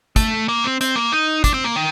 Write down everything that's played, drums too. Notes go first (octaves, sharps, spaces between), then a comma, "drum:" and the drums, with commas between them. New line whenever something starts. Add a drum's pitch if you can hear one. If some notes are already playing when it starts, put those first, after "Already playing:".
A3, drum: kick, hi-hat
A#3
C4
C4, drum: hi-hat
A#3
D#4
D4, drum: kick, hi-hat
C4
A#3
D#3